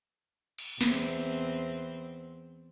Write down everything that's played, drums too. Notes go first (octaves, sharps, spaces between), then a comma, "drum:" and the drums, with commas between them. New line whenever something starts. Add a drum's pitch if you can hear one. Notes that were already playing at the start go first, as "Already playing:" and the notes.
drum: cymbal
E2 C4, drum: snare